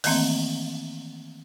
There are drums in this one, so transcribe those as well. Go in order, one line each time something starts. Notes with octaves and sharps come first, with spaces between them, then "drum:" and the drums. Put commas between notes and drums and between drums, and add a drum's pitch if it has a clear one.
D#3 E3 A3 A#3 C4, drum: open hi-hat